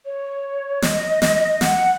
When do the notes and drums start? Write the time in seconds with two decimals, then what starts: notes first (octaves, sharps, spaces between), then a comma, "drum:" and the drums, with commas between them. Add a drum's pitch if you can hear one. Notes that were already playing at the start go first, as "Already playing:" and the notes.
0.05 C#5
0.82 D#5, drum: snare
1.22 drum: snare
1.61 F#5, drum: snare